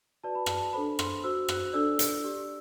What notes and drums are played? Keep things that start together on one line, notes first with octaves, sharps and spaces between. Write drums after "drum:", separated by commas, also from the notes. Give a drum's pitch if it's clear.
F#4 B4 D5 A5
B5
A5, drum: rim click
D4 A4 C5 B5
C6, drum: rim click
F#4 C5 E6
F#6, drum: rim click
D4 A4 D5 E6
drum: hi-hat
G4 D5